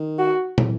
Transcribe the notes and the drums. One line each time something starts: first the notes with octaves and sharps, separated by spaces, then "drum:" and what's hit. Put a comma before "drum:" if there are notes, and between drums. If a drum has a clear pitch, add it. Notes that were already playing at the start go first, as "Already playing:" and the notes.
Already playing: D#3
F#4
E3, drum: tom